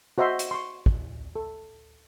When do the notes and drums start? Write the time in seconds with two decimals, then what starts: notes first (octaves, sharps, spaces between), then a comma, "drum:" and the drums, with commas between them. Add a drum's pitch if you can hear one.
0.18 F#4 C5 D#5 E5 C6
0.39 drum: hi-hat
0.51 C6 C#6
0.86 drum: kick
1.36 A4